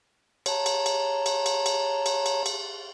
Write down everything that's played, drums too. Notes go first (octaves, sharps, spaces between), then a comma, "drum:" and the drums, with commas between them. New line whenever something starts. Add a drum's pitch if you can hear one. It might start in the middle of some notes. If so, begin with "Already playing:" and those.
C#5 A5 A#5, drum: cymbal
drum: cymbal
drum: cymbal
drum: cymbal
drum: cymbal
drum: cymbal
drum: cymbal
drum: cymbal
drum: cymbal